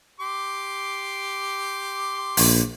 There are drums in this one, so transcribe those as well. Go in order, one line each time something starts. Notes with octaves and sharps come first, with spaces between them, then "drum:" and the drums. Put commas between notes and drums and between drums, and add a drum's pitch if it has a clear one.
G4 C6 D6
A#1, drum: open hi-hat